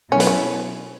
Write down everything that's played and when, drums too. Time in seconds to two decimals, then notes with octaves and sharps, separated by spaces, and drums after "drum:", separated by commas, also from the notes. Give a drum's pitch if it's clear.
0.12 B2 F#3 A3 C#4 E4
0.20 B3, drum: hi-hat
0.27 C#4